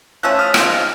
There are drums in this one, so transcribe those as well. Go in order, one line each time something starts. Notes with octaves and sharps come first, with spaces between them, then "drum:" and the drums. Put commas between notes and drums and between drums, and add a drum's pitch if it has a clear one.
F3 A3 C#4 E6 F#6
D#6 F6
D#3 G#3 C4 F4, drum: rim click